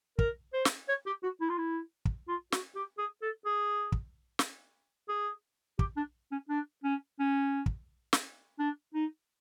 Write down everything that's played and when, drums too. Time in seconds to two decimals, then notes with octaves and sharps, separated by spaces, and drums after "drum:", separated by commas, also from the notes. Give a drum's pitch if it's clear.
0.19 A#4, drum: kick
0.53 C5
0.65 drum: snare
0.89 C#5
1.06 G4
1.23 F#4
1.41 E4
1.50 F4
1.58 E4
2.05 drum: kick
2.28 F4
2.52 F#4, drum: snare
2.75 G4
2.98 G#4
3.22 A4
3.46 G#4
3.92 drum: kick
4.39 drum: snare
5.09 G#4
5.79 G4, drum: kick
5.97 D4
6.32 C#4
6.49 D4
6.84 C#4
7.20 C#4
7.66 drum: kick
8.13 drum: snare
8.59 D4
8.94 D#4